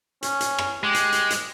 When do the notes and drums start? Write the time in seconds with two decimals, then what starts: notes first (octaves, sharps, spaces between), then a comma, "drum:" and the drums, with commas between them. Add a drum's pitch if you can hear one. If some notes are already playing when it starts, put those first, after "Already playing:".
0.23 C#4, drum: hi-hat
0.41 drum: hi-hat
0.59 drum: rim click
0.84 G#3 G4
0.94 drum: hi-hat
1.12 drum: hi-hat
1.30 drum: hi-hat